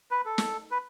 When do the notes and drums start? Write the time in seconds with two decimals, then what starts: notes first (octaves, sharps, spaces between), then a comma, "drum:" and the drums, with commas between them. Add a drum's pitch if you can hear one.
0.11 B4
0.26 A4
0.38 drum: snare
0.71 B4